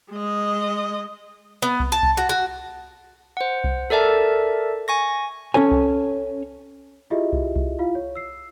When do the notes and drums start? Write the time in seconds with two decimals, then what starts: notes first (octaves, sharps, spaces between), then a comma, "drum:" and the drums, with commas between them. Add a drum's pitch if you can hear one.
0.11 G#3 D#5
1.62 B3
1.80 drum: kick C2
1.92 A5
2.03 drum: kick C2
2.17 F#4
2.29 F#4
3.37 C5 F#5
3.64 drum: kick C2
3.90 A4 A#4 D5 E5 A5
4.88 G#5 C#6 A#6
5.54 C#4 A4 C#5 G#5
5.71 drum: kick C2
7.10 E4 F4 G4 G#4 D#5 E5
7.33 drum: kick C2
7.56 drum: kick C2
7.79 E4 F4 F5
7.95 C#5
8.15 E6 C7